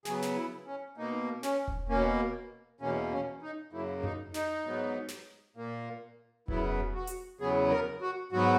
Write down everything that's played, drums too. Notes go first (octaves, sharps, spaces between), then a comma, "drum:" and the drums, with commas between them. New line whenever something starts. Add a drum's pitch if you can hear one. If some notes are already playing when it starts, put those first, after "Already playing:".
C#3 F#3 B3 G#4, drum: snare
drum: snare
E4
C#4
B2 A#3 D#4
C#4, drum: snare
drum: kick E1
B2 A#3 C#4
E2 B2 A#3 C#4
C#4
D#4
F#2 C#3 F#3 A#3 E4
D#4, drum: tom F2
D#4, drum: snare
G#2 F#3 B3
drum: snare
A#2 A#3
F#2 C#3 F#3 B3 E4, drum: kick E1
F#4
drum: hi-hat
E2 C#3 F#3 B3 G#4
A#4
F#4
G#2 F#3 B3 F#4